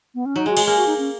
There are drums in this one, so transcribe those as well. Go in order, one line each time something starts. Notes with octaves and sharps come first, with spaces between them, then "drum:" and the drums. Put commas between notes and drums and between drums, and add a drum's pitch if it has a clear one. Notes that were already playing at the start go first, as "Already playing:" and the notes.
B3
C#4
F#3 D#4
G#3 F#4
G#3, drum: cymbal
A#3 G#4
F#4
D#4
C#4